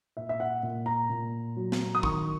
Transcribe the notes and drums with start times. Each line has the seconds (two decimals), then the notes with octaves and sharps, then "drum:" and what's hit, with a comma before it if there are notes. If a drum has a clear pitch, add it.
0.17 A#2 E5
0.29 E5
0.40 F#5
0.63 A#2
0.86 A#5
1.10 A#2
1.57 F#3
1.72 drum: snare
1.95 D#6
2.03 D#3 C#6, drum: kick